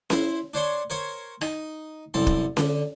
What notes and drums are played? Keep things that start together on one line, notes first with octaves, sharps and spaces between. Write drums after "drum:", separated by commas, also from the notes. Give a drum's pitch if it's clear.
E4 C5, drum: snare C#4
D4 C5 C#5 C6
A#4 C5 C#5
D#4, drum: rim click
C2 F#2 C4 A4 C6
drum: kick
D3, drum: snare C#4